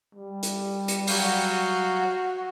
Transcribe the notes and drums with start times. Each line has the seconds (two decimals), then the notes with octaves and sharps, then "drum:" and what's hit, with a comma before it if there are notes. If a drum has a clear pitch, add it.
0.15 G3
0.43 drum: hi-hat
0.88 drum: hi-hat
1.07 F#3 F#4 F5 G6, drum: open hi-hat